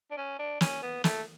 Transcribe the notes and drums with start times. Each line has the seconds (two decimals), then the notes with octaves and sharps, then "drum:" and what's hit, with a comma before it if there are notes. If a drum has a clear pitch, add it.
0.11 D4
0.17 C#4
0.39 D4
0.61 C#4, drum: snare
0.82 B3
1.04 A3, drum: snare